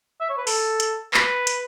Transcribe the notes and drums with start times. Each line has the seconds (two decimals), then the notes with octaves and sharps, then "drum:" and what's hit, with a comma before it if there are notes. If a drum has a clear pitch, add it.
0.21 E5
0.30 C#5
0.38 B4
0.47 A4, drum: open hi-hat
0.80 drum: hi-hat
1.14 B4, drum: clap
1.47 drum: hi-hat